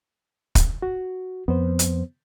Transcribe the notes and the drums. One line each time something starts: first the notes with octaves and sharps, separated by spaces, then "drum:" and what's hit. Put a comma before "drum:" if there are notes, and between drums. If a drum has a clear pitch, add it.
drum: kick, hi-hat
F#4
F2 B3 C5
drum: hi-hat